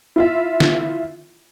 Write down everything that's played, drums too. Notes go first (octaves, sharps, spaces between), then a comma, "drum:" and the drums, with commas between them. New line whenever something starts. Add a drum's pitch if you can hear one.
E4 F4 E5
drum: snare